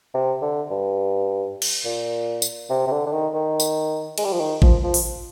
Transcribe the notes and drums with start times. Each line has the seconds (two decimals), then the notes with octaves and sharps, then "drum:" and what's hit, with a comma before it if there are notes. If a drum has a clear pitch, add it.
0.14 C3
0.42 D3
0.70 G2
1.62 drum: cymbal
1.85 A#2
2.42 drum: tambourine
2.70 C3
2.87 C3
2.91 D3
3.06 D3
3.13 D#3
3.34 D#3
3.60 drum: tambourine
4.18 G#3, drum: cymbal
4.24 G3
4.32 F3
4.40 D#3
4.62 F3, drum: kick A1
4.83 F3
4.94 drum: open hi-hat